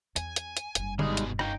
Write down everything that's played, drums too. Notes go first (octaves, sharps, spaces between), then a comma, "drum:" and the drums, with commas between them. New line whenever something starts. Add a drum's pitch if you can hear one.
E2 G#5, drum: hi-hat
drum: hi-hat
drum: hi-hat
F#1 G2, drum: hi-hat
B2 G3 G#3 D#4 G#4, drum: tom D3
drum: hi-hat
A#3 C#4 D#4 G5, drum: rim click